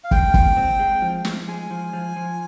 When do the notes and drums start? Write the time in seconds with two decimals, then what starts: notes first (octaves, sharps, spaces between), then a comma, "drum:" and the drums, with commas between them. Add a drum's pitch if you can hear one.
0.04 F5
0.11 G#3 G5, drum: kick
0.34 A#2, drum: kick
0.57 C4
0.79 G#3
1.02 F3
1.25 F3, drum: snare
1.48 G#3 G#5
1.70 F3
1.93 F3
2.16 F3